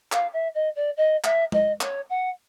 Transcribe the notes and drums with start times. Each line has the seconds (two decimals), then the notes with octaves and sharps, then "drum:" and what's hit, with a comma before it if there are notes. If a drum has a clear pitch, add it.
0.12 F5, drum: clap
0.33 E5
0.54 D#5
0.75 D5
0.96 D#5
1.24 E5, drum: clap
1.52 D#5, drum: tom
1.81 C#5, drum: clap
2.09 F#5